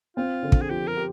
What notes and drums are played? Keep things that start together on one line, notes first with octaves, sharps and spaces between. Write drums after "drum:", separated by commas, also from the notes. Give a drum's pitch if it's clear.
C4 F4
D3
drum: kick
G#4
F3 G4
A#4
G4